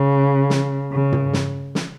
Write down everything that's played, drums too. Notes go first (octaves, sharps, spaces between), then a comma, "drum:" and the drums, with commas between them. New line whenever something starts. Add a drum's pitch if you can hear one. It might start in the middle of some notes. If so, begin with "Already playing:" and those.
Already playing: C#3
drum: snare
C#3
drum: tom
drum: snare
drum: snare